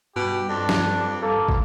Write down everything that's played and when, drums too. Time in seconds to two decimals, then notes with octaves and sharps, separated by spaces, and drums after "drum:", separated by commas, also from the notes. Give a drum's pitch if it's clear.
0.16 G2 B2 G4
0.49 F2 D4
0.69 drum: snare
1.22 A#3 A4
1.49 drum: kick